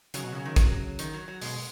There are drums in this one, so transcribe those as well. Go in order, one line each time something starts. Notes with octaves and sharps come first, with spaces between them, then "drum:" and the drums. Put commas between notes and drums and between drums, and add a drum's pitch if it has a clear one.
C#3 F#3, drum: hi-hat
B2
C#3 F#3
D#3
F#3, drum: kick, hi-hat
D#3, drum: hi-hat
F#3
F#3
B2 G#3, drum: open hi-hat